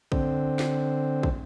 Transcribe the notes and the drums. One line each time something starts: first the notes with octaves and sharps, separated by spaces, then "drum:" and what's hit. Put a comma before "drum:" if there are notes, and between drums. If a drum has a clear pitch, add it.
D3 C4, drum: kick
drum: snare
drum: kick